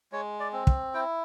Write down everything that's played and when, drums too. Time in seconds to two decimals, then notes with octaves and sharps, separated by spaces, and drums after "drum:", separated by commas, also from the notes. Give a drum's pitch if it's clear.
0.12 G#3 C#5
0.40 D5
0.53 C4
0.67 drum: kick
0.94 E4 G5